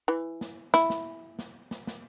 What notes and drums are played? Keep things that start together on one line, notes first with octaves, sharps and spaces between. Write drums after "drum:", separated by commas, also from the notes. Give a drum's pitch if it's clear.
E3
drum: snare
E4, drum: snare
drum: snare
drum: snare
drum: snare
drum: snare